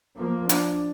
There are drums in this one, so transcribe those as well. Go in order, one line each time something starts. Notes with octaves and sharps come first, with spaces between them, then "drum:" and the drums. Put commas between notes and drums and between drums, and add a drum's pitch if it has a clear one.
F3 A#3
D4, drum: hi-hat